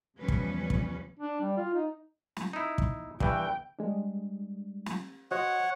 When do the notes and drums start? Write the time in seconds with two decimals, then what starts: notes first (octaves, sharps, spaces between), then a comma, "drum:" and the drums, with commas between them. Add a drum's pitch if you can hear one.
0.19 E2 C#3 F3 G3 C#4 B4
0.28 drum: kick
0.70 drum: kick
1.19 D4
1.41 G3
1.57 F4
1.74 D#4
2.37 drum: snare
2.53 D#4 E4
2.78 drum: kick
3.20 G2 E3 G5, drum: kick
3.79 G3 G#3 D4
4.86 drum: snare
5.31 F#4 C5 C#5 D#5 F#5